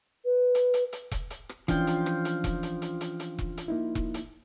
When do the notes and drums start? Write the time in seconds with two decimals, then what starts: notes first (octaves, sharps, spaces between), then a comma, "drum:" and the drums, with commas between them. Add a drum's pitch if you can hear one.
0.25 B4
0.55 drum: hi-hat
0.74 drum: hi-hat
0.93 drum: hi-hat
1.11 drum: kick E1, hi-hat
1.30 drum: hi-hat
1.49 drum: rim click
1.68 E3 F3 C#4 D4 F4 G5, drum: kick E1, hi-hat
1.87 drum: hi-hat
2.06 drum: rim click
2.25 drum: hi-hat
2.44 drum: kick E1, hi-hat
2.63 drum: hi-hat
2.82 drum: hi-hat
3.01 drum: hi-hat
3.20 drum: hi-hat
3.39 drum: kick E1
3.57 drum: hi-hat
3.68 A#3 D#4 E4
3.95 drum: kick E1
4.14 drum: hi-hat